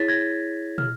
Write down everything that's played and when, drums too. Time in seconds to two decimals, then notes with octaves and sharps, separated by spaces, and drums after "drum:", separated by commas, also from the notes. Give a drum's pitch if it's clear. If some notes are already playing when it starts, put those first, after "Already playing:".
Already playing: E4 G#4 C#5 A6 B6
0.08 G#6 A#6
0.78 F6, drum: tom